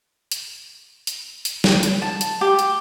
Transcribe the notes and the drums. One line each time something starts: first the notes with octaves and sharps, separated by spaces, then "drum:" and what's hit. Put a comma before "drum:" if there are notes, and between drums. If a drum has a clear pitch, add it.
drum: hi-hat
drum: hi-hat
drum: hi-hat
drum: snare
drum: hi-hat
A5
drum: hi-hat
G4
drum: hi-hat